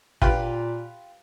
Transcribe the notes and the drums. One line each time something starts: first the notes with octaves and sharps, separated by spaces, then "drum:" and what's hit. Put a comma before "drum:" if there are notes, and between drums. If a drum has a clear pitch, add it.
A#2 F4 G4 B4, drum: kick